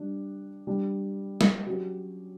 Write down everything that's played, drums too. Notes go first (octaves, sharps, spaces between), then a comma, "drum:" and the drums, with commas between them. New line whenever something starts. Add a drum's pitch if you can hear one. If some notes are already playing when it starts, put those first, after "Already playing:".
Already playing: G3 D4 G4
G3 D4 G4
drum: snare
F#3 C#4 G4